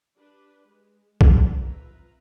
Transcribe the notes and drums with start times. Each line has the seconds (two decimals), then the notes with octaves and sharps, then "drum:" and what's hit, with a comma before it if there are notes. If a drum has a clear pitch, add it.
0.18 D4 G4 B4
0.69 G#3
1.21 drum: kick
1.56 C4 F4 B4 E5 A#5